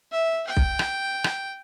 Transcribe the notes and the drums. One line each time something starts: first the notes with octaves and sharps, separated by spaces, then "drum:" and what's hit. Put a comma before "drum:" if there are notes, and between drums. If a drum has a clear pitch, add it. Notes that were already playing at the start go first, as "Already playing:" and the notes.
E5
G5
drum: kick B1
drum: rim click
drum: rim click